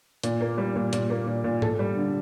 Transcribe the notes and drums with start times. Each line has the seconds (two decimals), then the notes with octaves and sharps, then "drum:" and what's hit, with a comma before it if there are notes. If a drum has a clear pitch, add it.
0.23 A#2, drum: hi-hat
0.41 A#3
0.58 G3
0.76 A#2
0.93 A#2, drum: hi-hat
1.10 A#3
1.27 A#2
1.44 A#2
1.62 A4, drum: tom G#2
1.79 G3
1.97 D3